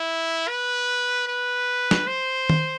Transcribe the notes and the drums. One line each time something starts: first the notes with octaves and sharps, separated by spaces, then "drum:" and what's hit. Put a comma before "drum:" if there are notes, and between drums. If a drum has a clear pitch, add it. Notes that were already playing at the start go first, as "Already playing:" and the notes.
Already playing: E4
B4
B4
drum: snare
C5
drum: tom D#3